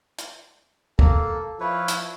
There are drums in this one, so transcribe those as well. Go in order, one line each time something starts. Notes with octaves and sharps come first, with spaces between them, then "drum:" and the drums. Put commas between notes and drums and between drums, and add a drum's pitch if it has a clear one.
drum: hi-hat
A#3 A4, drum: kick
F3 E4 B4 C#5
drum: hi-hat